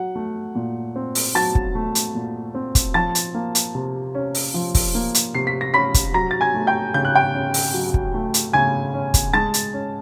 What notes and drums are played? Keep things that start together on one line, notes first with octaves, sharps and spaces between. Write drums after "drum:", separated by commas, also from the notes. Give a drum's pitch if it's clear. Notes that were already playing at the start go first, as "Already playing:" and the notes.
Already playing: F#3 F#5
A3
A#2
C4
drum: open hi-hat
F#3 A5 A6
drum: kick
A3
drum: hi-hat
A#2
C4
drum: kick, hi-hat
F3 A5 A6
drum: hi-hat
A#3
drum: hi-hat
C3
C#4
drum: open hi-hat
F3
drum: kick, open hi-hat
A#3
drum: hi-hat
C3 C7
B6
A#6
C#4 B5 B6
drum: kick, hi-hat
F#3 A#5 A#6
A6
G#5 G#6
A3
G5 G6
C#3 G6
F#6
G5 G6
C#4
drum: open hi-hat
F#3
drum: kick
A3
drum: hi-hat
C#3 G#5 G#6
C#4
drum: kick, hi-hat
G#3 A5 A6
drum: hi-hat
C#4